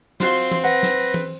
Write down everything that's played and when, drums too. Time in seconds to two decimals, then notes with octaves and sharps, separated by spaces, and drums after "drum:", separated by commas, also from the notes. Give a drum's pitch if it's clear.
0.20 C4 F4 F#4 F5 C6, drum: snare
0.36 drum: open hi-hat
0.51 drum: tom E3
0.64 B4 F#5 A#6
0.83 drum: snare
0.98 drum: open hi-hat
1.14 drum: tom E3